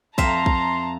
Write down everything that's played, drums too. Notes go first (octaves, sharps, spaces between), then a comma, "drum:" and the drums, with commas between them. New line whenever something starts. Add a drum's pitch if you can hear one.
F2 E5 A5 A#5 C6, drum: kick
drum: kick